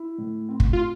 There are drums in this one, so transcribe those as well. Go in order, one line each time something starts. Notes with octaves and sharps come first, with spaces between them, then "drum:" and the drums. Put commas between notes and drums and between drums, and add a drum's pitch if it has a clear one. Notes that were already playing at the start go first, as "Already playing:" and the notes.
Already playing: E4
A2
C4
drum: kick
F4